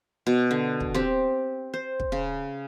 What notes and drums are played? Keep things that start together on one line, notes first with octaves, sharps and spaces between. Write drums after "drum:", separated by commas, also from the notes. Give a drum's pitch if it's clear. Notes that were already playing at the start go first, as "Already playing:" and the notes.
B2
D3
drum: kick
C4 G4
C5
drum: kick
C#3